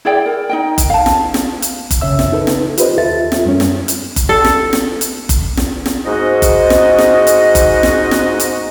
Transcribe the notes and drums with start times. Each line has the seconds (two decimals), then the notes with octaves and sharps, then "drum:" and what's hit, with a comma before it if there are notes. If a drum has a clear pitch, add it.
0.05 E4 G#4 D5 G5
0.26 A#4
0.49 D#4 D#5 G5
0.78 drum: kick F#1, hi-hat
0.90 F5 A5
1.06 drum: snare
1.34 drum: snare
1.62 drum: hi-hat
1.91 drum: kick F#1, hi-hat
2.01 F#2 C#3 C#5 E5 E6
2.19 drum: snare
2.32 D#4 A4 B4
2.47 drum: snare
2.78 F4 G4 B4 C5 D#5, drum: hi-hat
2.98 D#2 F4 A4 E5 A6
3.32 drum: snare
3.45 F#2 G3 C#4
3.60 drum: snare
3.88 drum: hi-hat
4.16 drum: kick F#1, hi-hat
4.29 A4
4.45 drum: snare
4.73 drum: snare
5.01 drum: hi-hat
5.29 drum: kick F#1, hi-hat
5.57 drum: snare
5.86 drum: snare
6.05 G#2 F#4 D#5
6.42 drum: kick F#1, hi-hat
6.70 drum: snare
6.98 drum: snare
7.27 drum: hi-hat
7.55 drum: kick F#1, hi-hat
7.83 drum: snare
8.11 drum: snare
8.40 drum: hi-hat